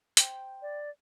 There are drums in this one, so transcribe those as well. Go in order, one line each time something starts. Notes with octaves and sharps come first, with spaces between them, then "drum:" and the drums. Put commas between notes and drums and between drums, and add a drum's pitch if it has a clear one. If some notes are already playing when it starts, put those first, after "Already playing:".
C5 G5, drum: hi-hat
D5